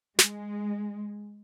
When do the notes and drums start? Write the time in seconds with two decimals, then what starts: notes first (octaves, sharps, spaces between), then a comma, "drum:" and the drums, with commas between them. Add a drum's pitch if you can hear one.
0.19 G#3, drum: snare